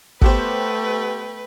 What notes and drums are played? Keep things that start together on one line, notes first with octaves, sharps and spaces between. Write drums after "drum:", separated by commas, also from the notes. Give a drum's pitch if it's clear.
A3 B3 G4 B4 C5 G5, drum: kick